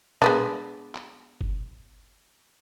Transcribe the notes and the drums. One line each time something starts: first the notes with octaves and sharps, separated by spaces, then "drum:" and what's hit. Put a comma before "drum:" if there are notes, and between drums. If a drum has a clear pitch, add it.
G#3 B3 D4, drum: tom A#2
drum: clap
drum: kick F#1